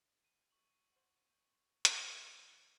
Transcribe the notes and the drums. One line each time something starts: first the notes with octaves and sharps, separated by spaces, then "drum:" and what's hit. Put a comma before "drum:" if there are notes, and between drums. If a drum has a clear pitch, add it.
D#7
C#6 F#7
C5 F#5
drum: hi-hat
G5 A6
A1 E4 C#7